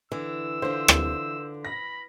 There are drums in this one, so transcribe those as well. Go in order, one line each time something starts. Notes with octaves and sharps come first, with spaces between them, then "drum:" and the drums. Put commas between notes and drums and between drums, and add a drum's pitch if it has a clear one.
D3 E3 E6
D3 F4 C5
drum: rim click
B5 A#6